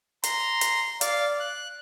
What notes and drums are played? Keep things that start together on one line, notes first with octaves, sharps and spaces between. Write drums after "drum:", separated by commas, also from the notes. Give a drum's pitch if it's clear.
A#5 C6, drum: hi-hat
drum: hi-hat
D5 F5, drum: hi-hat
F#6